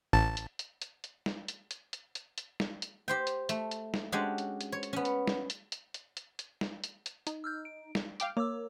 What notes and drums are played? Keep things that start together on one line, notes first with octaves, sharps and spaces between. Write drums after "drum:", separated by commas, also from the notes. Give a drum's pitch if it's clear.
A1 A5
drum: hi-hat
drum: hi-hat
drum: hi-hat
drum: hi-hat
drum: snare
drum: hi-hat
drum: hi-hat
drum: hi-hat
drum: hi-hat
drum: hi-hat
drum: snare
drum: hi-hat
G4 C5 G5
drum: hi-hat
A3, drum: hi-hat
drum: hi-hat
drum: snare
G#3 C#4 D4 F#4 G4
drum: hi-hat
drum: hi-hat
C#5
drum: hi-hat
B3 C#4
drum: hi-hat
drum: snare
drum: hi-hat
drum: hi-hat
drum: hi-hat
drum: hi-hat
drum: hi-hat
drum: snare
drum: hi-hat
drum: hi-hat
D#4, drum: hi-hat
E6 F6 G6
D7
drum: snare
F5 G5 D6, drum: hi-hat
A#3 C#5 D6 E6